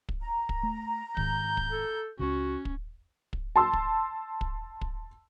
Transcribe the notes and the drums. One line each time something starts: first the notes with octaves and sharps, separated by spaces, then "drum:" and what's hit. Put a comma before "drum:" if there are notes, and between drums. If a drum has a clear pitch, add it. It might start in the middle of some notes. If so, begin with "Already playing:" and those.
drum: kick
A#5
drum: kick
A3
G#2 D#3 G6, drum: kick
drum: kick
A4
C#2 C#3 C#4 F#4
drum: kick
drum: kick
A5 C6 E6
drum: kick
drum: kick
drum: kick